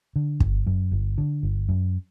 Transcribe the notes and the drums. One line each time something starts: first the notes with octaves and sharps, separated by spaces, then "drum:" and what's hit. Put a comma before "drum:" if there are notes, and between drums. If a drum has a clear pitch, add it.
D3
G1, drum: kick
F#2
G1
D3
G1
F#2